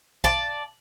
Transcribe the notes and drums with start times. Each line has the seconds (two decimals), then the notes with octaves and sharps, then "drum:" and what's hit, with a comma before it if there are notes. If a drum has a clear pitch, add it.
0.24 D5 A5, drum: kick B1